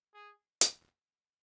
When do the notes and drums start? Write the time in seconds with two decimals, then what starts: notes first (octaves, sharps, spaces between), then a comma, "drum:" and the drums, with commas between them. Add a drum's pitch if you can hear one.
0.14 G#4
0.61 drum: hi-hat